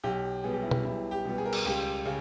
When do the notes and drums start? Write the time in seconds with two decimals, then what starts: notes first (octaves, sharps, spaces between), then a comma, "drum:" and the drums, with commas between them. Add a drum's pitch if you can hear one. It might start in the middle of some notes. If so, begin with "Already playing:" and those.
0.04 B1 G4
0.44 B2 G3 B3 G#4
0.53 G4
0.62 E4
0.71 G4, drum: tom B2
0.84 B1 E4
1.11 G4
1.25 B2 G3 B3
1.38 G#4
1.46 A#4
1.53 G#4, drum: cymbal
1.65 C#2 G4
2.06 C#3